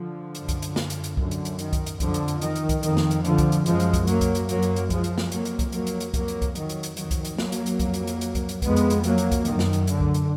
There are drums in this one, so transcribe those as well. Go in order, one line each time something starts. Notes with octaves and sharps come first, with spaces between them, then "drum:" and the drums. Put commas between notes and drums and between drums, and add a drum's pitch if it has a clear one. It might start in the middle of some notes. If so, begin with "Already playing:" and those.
Already playing: D3 F3
F#2, drum: hi-hat
drum: kick C2, hi-hat
drum: hi-hat
drum: snare
drum: hi-hat
drum: hi-hat
F#2 D3, drum: kick C2
drum: hi-hat
drum: hi-hat
D#3, drum: hi-hat
drum: kick C2, hi-hat
drum: hi-hat
F2 D3 F3, drum: kick C2, hi-hat
drum: hi-hat
drum: hi-hat
D#3, drum: hi-hat
drum: hi-hat
drum: kick C2, hi-hat
F2 D#3, drum: hi-hat
drum: snare
drum: hi-hat
D3 F3, drum: hi-hat
drum: kick C2, hi-hat
drum: hi-hat
F#2 F3 G#3, drum: hi-hat
drum: hi-hat
drum: kick C2, hi-hat
F#3 A#3, drum: hi-hat
drum: kick C2, hi-hat
drum: hi-hat
F#2 F#3 A#3, drum: hi-hat
drum: hi-hat
drum: hi-hat
F3 G#3, drum: kick C2, hi-hat
drum: hi-hat
drum: snare
F2 F#3 A#3, drum: hi-hat
drum: hi-hat
drum: kick C2, hi-hat
F#3 A#3, drum: hi-hat
drum: hi-hat
drum: hi-hat
F2 F#3 A#3, drum: kick C2, hi-hat
drum: hi-hat
drum: kick C2, hi-hat
D#3 F#3, drum: hi-hat
drum: hi-hat
drum: hi-hat
F2 D#3 F#3, drum: hi-hat
drum: kick C2, hi-hat
drum: hi-hat
F#3 A#3, drum: snare
drum: hi-hat
drum: hi-hat
F2, drum: kick C2, hi-hat
drum: hi-hat
drum: hi-hat
drum: hi-hat
drum: kick C2, hi-hat
drum: hi-hat
F2 G#3 B3, drum: kick C2, hi-hat
drum: hi-hat
drum: hi-hat
F#3 A#3, drum: hi-hat
drum: hi-hat
drum: kick C2, hi-hat
F#2 D#3, drum: hi-hat
drum: snare
drum: hi-hat
D3, drum: hi-hat
drum: kick C2
drum: hi-hat